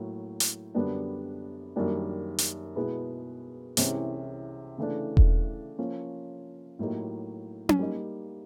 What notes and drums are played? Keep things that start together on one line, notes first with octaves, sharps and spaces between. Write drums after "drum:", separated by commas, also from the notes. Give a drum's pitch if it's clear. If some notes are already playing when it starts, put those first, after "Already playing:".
Already playing: A2 F#3 A#3
drum: hi-hat
F#2 D3 G3 B3 D4
F#2 D#3 G3 A#3 D4
drum: hi-hat
B2 G#3 B3 E4 G#4
C2 C3 E3 G#3 C#4, drum: hi-hat
C#3 E3 A3 D4
drum: kick E1
F3 A#3 C#4
A2 F#3 A#3 D#4 G4
drum: tom C#4
G3 A#3 D#4